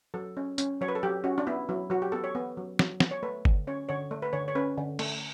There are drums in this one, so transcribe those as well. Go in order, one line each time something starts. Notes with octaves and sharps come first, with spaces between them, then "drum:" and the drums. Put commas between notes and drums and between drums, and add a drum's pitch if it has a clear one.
F#3 A4
C#4
C#4, drum: tambourine
F#3 C#5
B4
A4
F#3 G4
C#4 F#4
D4
B3 E4
F#3 E4
F#3 F#4
G4
B3 A4
C#5
B3
F#3
F#3, drum: snare
B3, drum: snare
C#5
A3 B4
D3, drum: kick G1
C#4 C#5
D3 C#5
A3
B4
D3 C#5
C#5
C#4 B4
D3
A3, drum: cymbal